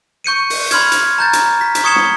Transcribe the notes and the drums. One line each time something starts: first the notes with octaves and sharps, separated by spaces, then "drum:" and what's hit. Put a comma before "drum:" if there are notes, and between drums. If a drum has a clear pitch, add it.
C#6 G6 C#7 D#7
drum: open hi-hat
B5 C6 F6 G#6, drum: hi-hat
drum: hi-hat
A#5 G6 A6
drum: hi-hat
B6
drum: hi-hat
C#6 D#6 G#6 C#7 E7 G7
drum: snare